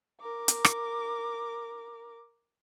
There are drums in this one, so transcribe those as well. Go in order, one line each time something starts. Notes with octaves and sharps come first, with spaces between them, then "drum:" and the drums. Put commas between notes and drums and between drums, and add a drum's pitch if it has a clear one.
A#4 D6
drum: hi-hat
drum: rim click